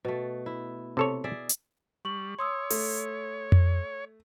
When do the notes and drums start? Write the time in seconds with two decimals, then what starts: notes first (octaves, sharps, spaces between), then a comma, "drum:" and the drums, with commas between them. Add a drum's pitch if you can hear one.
0.05 B2 A3
0.46 E4
0.97 C3 A4 C#5
1.24 G#4 D5 E5
1.49 drum: hi-hat
2.05 G3 C#6 F#7
2.39 C#5 C6 D#6 E6
2.70 A3, drum: open hi-hat
3.52 drum: tom F2